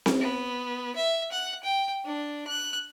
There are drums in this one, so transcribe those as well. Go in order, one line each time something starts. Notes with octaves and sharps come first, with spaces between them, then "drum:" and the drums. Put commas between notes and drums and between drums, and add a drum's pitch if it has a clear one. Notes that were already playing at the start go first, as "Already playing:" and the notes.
drum: snare C4
B3
E5
F#5
G5
D4
F#6